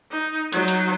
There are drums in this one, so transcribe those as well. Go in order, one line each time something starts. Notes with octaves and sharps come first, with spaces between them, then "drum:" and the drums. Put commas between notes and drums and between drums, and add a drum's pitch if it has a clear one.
D#4
F#3 D#4, drum: hi-hat
drum: hi-hat